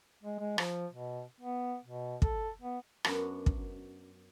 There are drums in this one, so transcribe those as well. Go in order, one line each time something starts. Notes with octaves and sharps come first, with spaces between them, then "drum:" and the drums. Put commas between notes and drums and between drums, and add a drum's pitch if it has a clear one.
G#3
G#3
F3, drum: rim click
B2
B3
B2
A4, drum: kick
B3
F#2 B3 D4 F#4, drum: rim click
drum: kick